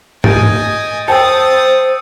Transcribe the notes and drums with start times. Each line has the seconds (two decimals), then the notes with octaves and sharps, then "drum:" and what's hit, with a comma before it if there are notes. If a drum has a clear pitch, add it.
0.24 D#5 G#5 G6 A6 D7, drum: tom
1.08 C5 G5 A5 D#6 E6 A6 C#7